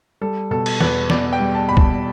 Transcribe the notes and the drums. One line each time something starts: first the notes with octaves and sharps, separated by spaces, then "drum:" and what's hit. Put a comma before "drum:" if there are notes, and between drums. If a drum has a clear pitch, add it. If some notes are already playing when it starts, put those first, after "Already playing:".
G3 A4
B2 A4
drum: cymbal
E2 B4, drum: snare
B3 D5, drum: snare
G5
G3
A5
B2 B5
A5, drum: kick